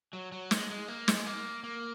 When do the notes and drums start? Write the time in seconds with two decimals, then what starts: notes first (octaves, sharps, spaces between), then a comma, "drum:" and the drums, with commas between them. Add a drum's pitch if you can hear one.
0.13 F#3
0.32 F#3
0.51 G#3, drum: snare
0.70 G#3
0.88 A#3
1.08 G#3, drum: snare
1.26 A#3
1.64 A#3